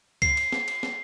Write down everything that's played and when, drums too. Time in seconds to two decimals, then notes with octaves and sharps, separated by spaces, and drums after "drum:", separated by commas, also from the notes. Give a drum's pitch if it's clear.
0.22 C7, drum: kick, cymbal
0.37 drum: cymbal
0.52 drum: snare
0.68 drum: cymbal
0.83 drum: snare